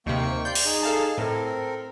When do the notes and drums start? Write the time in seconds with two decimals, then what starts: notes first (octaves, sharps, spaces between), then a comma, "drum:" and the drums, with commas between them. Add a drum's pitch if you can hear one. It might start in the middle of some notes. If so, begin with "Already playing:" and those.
0.06 D#2 C3 A#3 G5 C#6
0.45 D5 C6 G6
0.55 drum: open hi-hat
0.65 D#4 G#4
0.83 A4 F5 A5
1.18 A2 C4 A4 A#4